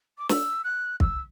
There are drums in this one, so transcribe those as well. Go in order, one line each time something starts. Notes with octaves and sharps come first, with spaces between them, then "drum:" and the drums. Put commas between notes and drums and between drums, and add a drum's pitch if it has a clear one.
D6
E6, drum: snare
F#6
E6, drum: kick